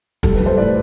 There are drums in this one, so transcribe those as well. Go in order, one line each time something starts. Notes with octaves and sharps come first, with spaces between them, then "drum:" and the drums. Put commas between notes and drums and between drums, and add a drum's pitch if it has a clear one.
G3 A4, drum: kick, hi-hat
B4
G3
A4 C5
A2 B4 D5